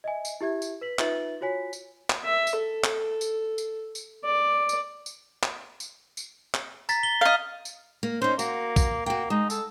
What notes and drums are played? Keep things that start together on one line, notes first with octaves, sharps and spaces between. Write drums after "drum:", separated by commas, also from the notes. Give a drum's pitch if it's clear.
D#5 E5 G#5
drum: tambourine
E4 G4 E5 G#6
drum: tambourine
B4 B6 F#7
D#4 F4 B4 E5 A6 F#7, drum: clap
F4 F#4 C#5 G#5 B6
drum: tambourine
drum: clap
E5
drum: tambourine
A4
drum: clap
drum: tambourine
drum: tambourine
drum: tambourine
D5
drum: tambourine
drum: tambourine
drum: clap
drum: tambourine
drum: tambourine
drum: clap
A#5 A6 B6, drum: tambourine
G7
D#5 F5
drum: tambourine
A#3
C#4 D#4 C5
A#3 F#4, drum: tambourine
drum: kick, tambourine
A#3 F#4 G5
G#3 D#4
A4, drum: tambourine